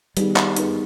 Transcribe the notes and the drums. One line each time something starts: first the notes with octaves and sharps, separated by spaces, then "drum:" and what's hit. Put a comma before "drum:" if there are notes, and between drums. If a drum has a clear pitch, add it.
D#3 G3 B3 D#4 G#4 B4, drum: hi-hat
drum: clap
D#3 B3 D#4 G#4 B4, drum: hi-hat